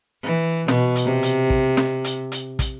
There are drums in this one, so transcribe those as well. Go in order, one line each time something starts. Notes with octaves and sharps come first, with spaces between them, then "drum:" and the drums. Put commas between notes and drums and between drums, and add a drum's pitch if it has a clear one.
E3
B2, drum: snare
drum: hi-hat
C3
drum: hi-hat
drum: kick
drum: snare
drum: hi-hat
drum: hi-hat
drum: kick, hi-hat